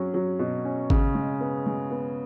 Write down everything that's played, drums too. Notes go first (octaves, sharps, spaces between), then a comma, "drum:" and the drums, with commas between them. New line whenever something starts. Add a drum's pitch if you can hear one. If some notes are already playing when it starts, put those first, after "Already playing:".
Already playing: F#3 C#4
F#3
B2
C#4
C#3, drum: kick G#1
G#3
B3
G#3
B3